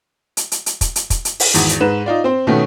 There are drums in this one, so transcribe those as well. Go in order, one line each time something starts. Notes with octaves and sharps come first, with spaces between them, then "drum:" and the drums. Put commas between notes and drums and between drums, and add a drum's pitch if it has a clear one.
drum: hi-hat
drum: hi-hat
drum: hi-hat
drum: kick, hi-hat
drum: hi-hat
drum: kick, hi-hat
drum: hi-hat
drum: open hi-hat
G#1 E2, drum: hi-hat
drum: hi-hat
G#2 B4 E7
D#4 F4 D5
C4 C5
B2 D#3 A3 B3 C#4